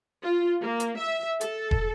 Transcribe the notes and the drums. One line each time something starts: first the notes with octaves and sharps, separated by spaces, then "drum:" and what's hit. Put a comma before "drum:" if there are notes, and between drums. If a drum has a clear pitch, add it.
F4
A#3
drum: hi-hat
E5
A4, drum: hi-hat
drum: kick E1